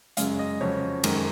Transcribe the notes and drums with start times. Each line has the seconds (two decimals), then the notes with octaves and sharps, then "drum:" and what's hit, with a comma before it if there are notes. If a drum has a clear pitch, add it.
0.17 F#2 C#3 G#3 F5, drum: hi-hat
0.39 D#5
0.60 F2 C#3 F#3 C#5
1.04 F#2 D#3 G#3, drum: cymbal